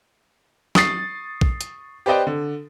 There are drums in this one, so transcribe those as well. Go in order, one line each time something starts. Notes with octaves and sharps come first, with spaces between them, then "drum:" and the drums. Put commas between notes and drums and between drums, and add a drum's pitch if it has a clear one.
C#6 D#6 A6 C7, drum: snare
drum: kick
drum: hi-hat
G4 B4 C5 D5 D#5 G5
D3